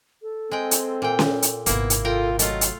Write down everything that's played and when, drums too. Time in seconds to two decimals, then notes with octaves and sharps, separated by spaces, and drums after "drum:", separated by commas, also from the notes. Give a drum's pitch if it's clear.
0.22 A4
0.51 G#3 C4 G5
0.71 drum: hi-hat
1.02 A#2 G5
1.19 drum: snare C#4
1.42 drum: hi-hat
1.66 G#1 C3 A#3 B3 E4, drum: hi-hat
1.90 drum: hi-hat
2.05 F4 A4 A#4 G5
2.39 F#3 A3 F4 D#5, drum: hi-hat
2.61 drum: hi-hat